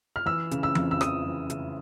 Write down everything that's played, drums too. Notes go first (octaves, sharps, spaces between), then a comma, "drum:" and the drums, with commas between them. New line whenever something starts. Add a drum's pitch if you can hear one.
F6
E3 E6
C#3, drum: hi-hat
E6
F2, drum: tom E3
E6
F2 D#6, drum: rim click
E3
C#3, drum: hi-hat